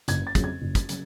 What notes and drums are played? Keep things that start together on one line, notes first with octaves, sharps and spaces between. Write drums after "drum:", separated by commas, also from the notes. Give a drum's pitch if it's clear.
F#1 G#6, drum: hi-hat
A6
F2 C#3 F#3, drum: kick, hi-hat
G#6
F#1
drum: kick, hi-hat
C#3 F#3, drum: hi-hat